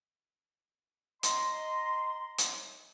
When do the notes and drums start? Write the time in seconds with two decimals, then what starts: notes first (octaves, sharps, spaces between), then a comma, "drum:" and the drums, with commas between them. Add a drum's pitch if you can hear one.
1.23 D#5 A#5 C6, drum: hi-hat
2.38 drum: hi-hat